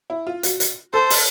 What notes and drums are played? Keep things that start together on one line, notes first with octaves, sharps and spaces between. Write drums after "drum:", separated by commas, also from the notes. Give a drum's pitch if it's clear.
E4
F4
F#4, drum: hi-hat
drum: hi-hat
A4 C5
drum: open hi-hat